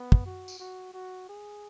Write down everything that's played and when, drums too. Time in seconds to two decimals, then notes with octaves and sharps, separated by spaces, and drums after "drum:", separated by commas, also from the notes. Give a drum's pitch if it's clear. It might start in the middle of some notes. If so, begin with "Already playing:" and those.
Already playing: B3
0.12 drum: kick
0.26 F#4
0.48 drum: tambourine
0.59 F#4
0.94 F#4
1.29 G#4